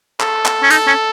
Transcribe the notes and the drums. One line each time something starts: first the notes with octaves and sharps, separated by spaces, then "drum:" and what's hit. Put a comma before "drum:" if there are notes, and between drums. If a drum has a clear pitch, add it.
A4, drum: clap
drum: clap
C#4
D#4 A4, drum: hi-hat
C#4